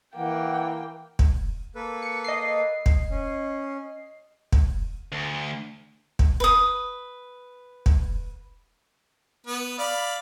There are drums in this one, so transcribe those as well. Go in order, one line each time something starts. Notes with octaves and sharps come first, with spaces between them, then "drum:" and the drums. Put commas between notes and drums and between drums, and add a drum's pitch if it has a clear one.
E3 A#3 F#5 G5
drum: kick
A#3 A4 B4
C#7
D#5 C7
drum: kick
C#4
drum: kick
D2
drum: kick
B4 D#6
drum: kick
B3 B4
D5 F5 B5